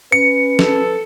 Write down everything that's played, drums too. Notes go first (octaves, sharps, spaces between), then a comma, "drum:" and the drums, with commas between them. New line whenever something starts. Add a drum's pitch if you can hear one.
C#4 B4 C#7
A4, drum: snare